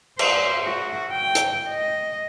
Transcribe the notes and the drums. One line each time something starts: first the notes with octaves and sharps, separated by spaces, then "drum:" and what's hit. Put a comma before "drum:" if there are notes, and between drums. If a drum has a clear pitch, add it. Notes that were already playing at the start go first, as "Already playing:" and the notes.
C5, drum: cymbal
F#4
G5
drum: hi-hat
D#5